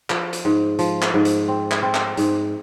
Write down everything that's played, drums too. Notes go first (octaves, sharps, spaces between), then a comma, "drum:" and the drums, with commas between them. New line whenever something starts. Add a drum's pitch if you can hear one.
F3, drum: clap
drum: hi-hat
G#2
F3, drum: hi-hat
drum: clap
G#2
drum: hi-hat
C4
drum: clap
C4
drum: clap
G#2, drum: hi-hat